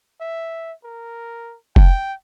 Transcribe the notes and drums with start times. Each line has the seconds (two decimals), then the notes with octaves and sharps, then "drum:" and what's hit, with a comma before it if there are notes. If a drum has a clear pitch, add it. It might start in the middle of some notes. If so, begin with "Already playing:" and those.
0.21 E5
0.84 A#4
1.76 G5, drum: kick F1